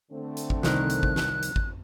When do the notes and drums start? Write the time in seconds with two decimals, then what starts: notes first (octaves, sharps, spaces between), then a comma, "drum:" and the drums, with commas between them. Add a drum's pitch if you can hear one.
0.11 D3 A3 C4
0.37 drum: hi-hat
0.50 drum: kick G#1
0.63 C2 D#3 A#4 F#6, drum: snare
0.90 drum: hi-hat
1.03 drum: kick G#1
1.16 drum: snare
1.43 drum: hi-hat
1.56 drum: kick G#1